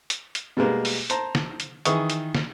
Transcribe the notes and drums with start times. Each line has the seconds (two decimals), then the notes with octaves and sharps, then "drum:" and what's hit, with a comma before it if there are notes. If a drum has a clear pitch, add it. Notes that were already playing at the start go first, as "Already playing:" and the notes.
0.10 drum: hi-hat
0.35 drum: hi-hat
0.57 B2 G3 G#3 A#3 B3
0.85 drum: open hi-hat
1.10 C5 A5 A#5, drum: hi-hat
1.35 drum: snare
1.60 drum: hi-hat
1.85 D#3 E3 G#4 E5 C#6 D#6, drum: hi-hat
2.10 drum: hi-hat
2.35 drum: snare